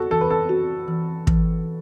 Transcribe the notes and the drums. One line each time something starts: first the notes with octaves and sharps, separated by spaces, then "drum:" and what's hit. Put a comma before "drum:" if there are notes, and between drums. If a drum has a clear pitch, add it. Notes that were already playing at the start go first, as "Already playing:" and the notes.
Already playing: F#4 A4
E3 A4
B4
A4
F#4
E3
E3, drum: kick